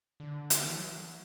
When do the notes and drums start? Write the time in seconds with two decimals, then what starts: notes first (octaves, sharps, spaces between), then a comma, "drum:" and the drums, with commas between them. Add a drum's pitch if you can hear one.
0.20 D3
0.50 drum: hi-hat
0.65 E3
0.77 F#3